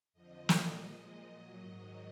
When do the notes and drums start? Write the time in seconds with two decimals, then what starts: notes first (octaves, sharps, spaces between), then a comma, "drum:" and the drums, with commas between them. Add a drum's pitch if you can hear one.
0.13 F2 D3 F3 D#5
0.49 A#2 G3, drum: snare
0.84 A#2 F3 G#3 D#5
1.21 A#2 F#3 D#5
1.57 G#2 D#3 F#3